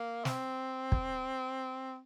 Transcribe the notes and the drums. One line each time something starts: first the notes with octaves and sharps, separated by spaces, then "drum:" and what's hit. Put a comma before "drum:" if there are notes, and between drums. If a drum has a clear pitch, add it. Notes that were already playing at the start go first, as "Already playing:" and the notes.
Already playing: A#3
C4, drum: snare
drum: kick